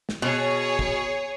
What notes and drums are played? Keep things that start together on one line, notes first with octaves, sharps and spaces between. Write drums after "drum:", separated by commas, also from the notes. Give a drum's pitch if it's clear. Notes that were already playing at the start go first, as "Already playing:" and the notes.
drum: snare
B2 G#4 C#5
drum: kick